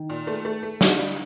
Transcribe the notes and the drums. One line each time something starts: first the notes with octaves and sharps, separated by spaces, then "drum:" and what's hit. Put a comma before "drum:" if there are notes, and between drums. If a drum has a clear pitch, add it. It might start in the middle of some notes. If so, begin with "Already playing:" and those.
Already playing: D#3
A#2
A3
A3
A3
D3 D#4, drum: snare
G3